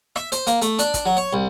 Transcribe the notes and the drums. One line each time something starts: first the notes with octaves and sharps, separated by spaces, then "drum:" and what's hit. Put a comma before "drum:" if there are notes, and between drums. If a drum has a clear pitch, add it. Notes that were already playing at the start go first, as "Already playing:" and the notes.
E5, drum: rim click
C5, drum: hi-hat
A#3, drum: hi-hat
A3, drum: hi-hat
D4, drum: hi-hat
drum: kick, hi-hat
F#3
C#5
C2